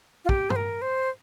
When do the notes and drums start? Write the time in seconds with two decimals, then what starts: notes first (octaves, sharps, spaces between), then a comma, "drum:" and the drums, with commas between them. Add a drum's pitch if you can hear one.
0.25 F4
0.29 G4, drum: kick
0.50 C5, drum: tom
0.56 A#4
0.82 C5